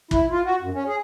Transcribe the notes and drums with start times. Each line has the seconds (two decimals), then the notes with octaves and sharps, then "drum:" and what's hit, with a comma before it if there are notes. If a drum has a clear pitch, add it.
0.11 E4, drum: kick
0.30 F4
0.44 F#4
0.61 F#2
0.74 C#4
0.87 G#4